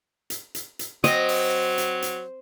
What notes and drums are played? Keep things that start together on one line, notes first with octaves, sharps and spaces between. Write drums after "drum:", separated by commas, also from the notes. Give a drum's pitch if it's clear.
drum: hi-hat
drum: hi-hat
drum: hi-hat
F#3 C4 D#5, drum: hi-hat
drum: open hi-hat
drum: hi-hat
drum: hi-hat